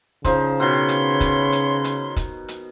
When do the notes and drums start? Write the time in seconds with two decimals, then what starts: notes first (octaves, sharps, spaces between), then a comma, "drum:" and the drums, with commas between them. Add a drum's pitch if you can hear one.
0.24 C#3 F3 D#4 C5, drum: kick, hi-hat
0.60 B2 D#3 C#5 B5 C6
0.88 drum: hi-hat
1.20 drum: kick, hi-hat
1.52 drum: hi-hat
1.84 drum: hi-hat
2.16 drum: kick, hi-hat
2.48 drum: hi-hat